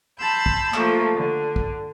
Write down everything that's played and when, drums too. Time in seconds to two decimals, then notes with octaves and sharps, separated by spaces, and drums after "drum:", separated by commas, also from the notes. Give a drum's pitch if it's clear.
0.19 A5 B5 C6 E6 G6
0.46 drum: kick
0.74 F3 A3 A#3, drum: clap
1.14 D3
1.56 drum: kick